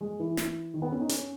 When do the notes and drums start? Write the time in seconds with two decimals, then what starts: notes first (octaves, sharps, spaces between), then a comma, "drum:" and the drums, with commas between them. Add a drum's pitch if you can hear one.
0.01 G#3
0.20 E3
0.37 drum: snare
0.74 D#3
0.82 B3
0.92 C#4
1.01 D#4
1.09 C#4, drum: hi-hat